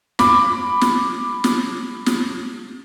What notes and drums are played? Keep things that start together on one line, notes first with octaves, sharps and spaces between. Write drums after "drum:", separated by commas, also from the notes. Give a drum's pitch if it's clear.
B5 D6, drum: snare
drum: snare
drum: snare
drum: snare